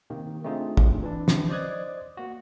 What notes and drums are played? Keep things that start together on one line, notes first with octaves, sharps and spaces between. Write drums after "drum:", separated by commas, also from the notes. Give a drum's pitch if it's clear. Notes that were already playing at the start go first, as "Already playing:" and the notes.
C3 D#3 A#3
A3 C4 D4 D#4 F4 G#4
drum: kick
E3 D4
drum: snare
C5 D5 D#5 D#6 F#6 G#6
A#3 F#4